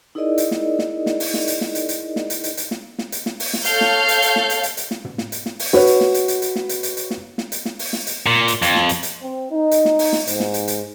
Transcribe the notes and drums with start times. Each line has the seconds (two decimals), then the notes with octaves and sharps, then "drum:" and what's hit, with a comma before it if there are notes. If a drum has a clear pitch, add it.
0.15 D#4 E4 G#4 A#4 D5 D#5
0.38 drum: hi-hat
0.51 drum: snare
0.79 drum: snare
1.06 drum: snare
1.20 drum: open hi-hat
1.34 drum: snare
1.47 drum: hi-hat
1.61 drum: snare
1.75 drum: hi-hat
1.89 drum: hi-hat
2.16 drum: snare
2.30 drum: hi-hat
2.44 drum: hi-hat
2.57 drum: hi-hat
2.71 drum: snare
2.99 drum: snare
3.12 drum: hi-hat
3.26 drum: snare
3.40 drum: open hi-hat
3.53 drum: snare
3.65 A4 C#5 F5 G6, drum: hi-hat
3.81 drum: snare
4.08 drum: hi-hat
4.22 drum: hi-hat
4.36 drum: snare
4.50 drum: hi-hat
4.63 drum: hi-hat
4.77 drum: hi-hat
4.91 drum: snare
5.05 drum: tom
5.18 drum: snare
5.32 drum: hi-hat
5.46 drum: snare
5.59 drum: open hi-hat
5.73 F#4 B4 C#5, drum: snare
5.87 drum: hi-hat
6.01 drum: snare
6.14 drum: hi-hat
6.28 drum: hi-hat
6.42 drum: hi-hat
6.56 drum: snare
6.69 drum: hi-hat
6.83 drum: hi-hat
6.97 drum: hi-hat
7.11 drum: snare
7.38 drum: snare
7.52 drum: hi-hat
7.65 drum: snare
7.79 drum: open hi-hat
7.93 drum: snare
8.07 drum: hi-hat
8.26 A#2
8.48 drum: hi-hat
8.62 F2, drum: hi-hat
8.75 drum: snare
8.89 drum: hi-hat
9.03 drum: hi-hat
9.22 C4
9.51 D#4
9.71 drum: hi-hat
9.85 drum: snare
9.99 drum: open hi-hat
10.13 drum: snare
10.27 G#2, drum: hi-hat
10.40 drum: snare
10.54 drum: hi-hat
10.68 drum: hi-hat